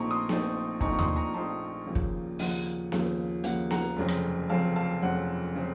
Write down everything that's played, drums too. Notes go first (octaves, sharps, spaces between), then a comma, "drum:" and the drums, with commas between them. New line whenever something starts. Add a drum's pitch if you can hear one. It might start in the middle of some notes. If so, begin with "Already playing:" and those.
Already playing: A#1 A#2 A3 C4 D#4 A#5 C#6
C6 D#6
A#1 A#2 A3 C4 D#4, drum: snare B3
A#1 A#2 A3 C4 D#4 A#5 C#6, drum: kick
C#6
C6 D#6, drum: tom D#2
A#5 C#6
A#1 A#2 A3 C4 D#4 A5 C6
D#2 C#3 F3 A#3
drum: kick
D#2 C#3 F3 A#3 F#5, drum: open hi-hat
D#2 C#3 F3 A#3, drum: snare B3
D#2 C#3 F3 A#3 F#5, drum: hi-hat
F#5 A#5, drum: snare B3
F1 F2 C#3 F#3 C4
drum: rim click
F1 F2 C#3 F#3 C4 F5 A5
F5 A5
F1 F2 C#3 F#3 C4 F#5
C#3 F#3 C4